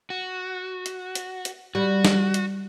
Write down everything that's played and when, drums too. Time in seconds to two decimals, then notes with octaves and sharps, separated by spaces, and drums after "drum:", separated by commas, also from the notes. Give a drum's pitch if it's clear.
0.10 F#4
0.86 drum: hi-hat
1.15 drum: hi-hat
1.45 drum: hi-hat
1.75 G3 F#4
2.05 drum: snare
2.34 drum: hi-hat